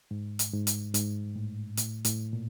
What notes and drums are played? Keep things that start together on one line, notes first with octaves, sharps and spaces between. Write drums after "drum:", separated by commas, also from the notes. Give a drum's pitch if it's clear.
G#2
drum: hi-hat
G#2
drum: hi-hat
G#2, drum: hi-hat
A2
A2, drum: hi-hat
A2, drum: hi-hat
A#2